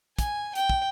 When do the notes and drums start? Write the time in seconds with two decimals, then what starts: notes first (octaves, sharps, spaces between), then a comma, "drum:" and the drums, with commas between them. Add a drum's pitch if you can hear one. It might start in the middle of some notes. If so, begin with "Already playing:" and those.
0.19 G#5, drum: kick, hi-hat
0.55 G5, drum: hi-hat
0.69 drum: kick